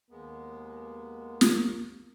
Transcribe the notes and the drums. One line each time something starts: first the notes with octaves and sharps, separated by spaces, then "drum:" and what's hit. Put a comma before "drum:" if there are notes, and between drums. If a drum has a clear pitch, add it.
D#2 G#3 A#3 B3
drum: snare